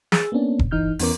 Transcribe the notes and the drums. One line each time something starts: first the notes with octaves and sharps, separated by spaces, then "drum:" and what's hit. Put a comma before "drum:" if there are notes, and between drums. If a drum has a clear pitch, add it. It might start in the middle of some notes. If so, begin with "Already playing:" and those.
G#4 E6 A6, drum: snare
A#3 B3 C#4 D4
drum: kick E1
G1 E3 D#4 F6 G6
E2 E3 B3 C#4 A#4 D6, drum: open hi-hat